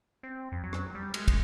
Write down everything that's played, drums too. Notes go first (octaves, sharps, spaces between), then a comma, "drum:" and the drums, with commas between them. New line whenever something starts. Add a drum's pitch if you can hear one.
C4
F2
F#3
drum: rim click
G3
G#3, drum: cymbal
drum: kick, cymbal